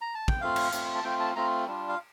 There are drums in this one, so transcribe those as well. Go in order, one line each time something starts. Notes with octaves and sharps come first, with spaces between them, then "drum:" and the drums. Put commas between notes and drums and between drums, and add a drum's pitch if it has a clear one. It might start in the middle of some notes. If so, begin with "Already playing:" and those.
A#5
A5
G5, drum: kick
A3 C4 F4 F5
drum: cymbal
A3 C4 F4, drum: hi-hat
A5
A3 C4 F4 G5
A5
A3 C4 F4 A#5
G3 D4 F4
F5